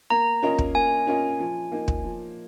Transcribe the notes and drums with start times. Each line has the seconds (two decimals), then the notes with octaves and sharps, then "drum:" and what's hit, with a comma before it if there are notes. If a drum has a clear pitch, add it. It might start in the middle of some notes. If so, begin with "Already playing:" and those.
0.10 A#3 A#5
0.42 C#4 F4 A#4 D#5
0.58 drum: kick
0.74 A#3 G#5
1.07 C#4 F4 A#4 D#5
1.39 F3
1.72 A#3 D#4
1.88 drum: kick
2.04 F3